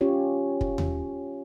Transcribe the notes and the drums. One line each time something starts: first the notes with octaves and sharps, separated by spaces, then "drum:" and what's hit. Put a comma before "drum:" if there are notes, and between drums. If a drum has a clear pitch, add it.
C#4 F4 G4 C#5
drum: kick
drum: tom D#2